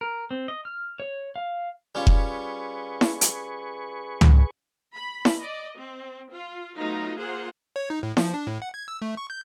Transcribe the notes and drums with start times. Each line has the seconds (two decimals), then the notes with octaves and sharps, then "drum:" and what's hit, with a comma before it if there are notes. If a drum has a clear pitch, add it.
0.01 A#4
0.31 C4
0.48 D#5
0.65 F6
1.00 C#5
1.36 F5
1.95 G3 C#4 F4 G#4 B4 C#6
2.07 drum: kick F1
3.01 drum: snare E4
3.21 drum: hi-hat
4.21 drum: tom
4.95 B5
5.25 drum: snare E4
5.38 D5 D#5
5.77 C4
6.32 F4
6.76 F#3 A3 B3 D#4 F4
7.18 A#3 F4 G#4 C5 F#5
7.76 C#5
7.90 D#4
8.03 A2
8.17 F3, drum: snare E4
8.34 D4
8.47 A2
8.62 F#5
8.74 G#6
8.88 E6
9.02 A3
9.17 C#6
9.30 G6